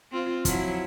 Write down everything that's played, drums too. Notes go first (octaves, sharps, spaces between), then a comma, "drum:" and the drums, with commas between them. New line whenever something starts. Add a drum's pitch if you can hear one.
C4 F4
F3 F#3 E4, drum: kick, hi-hat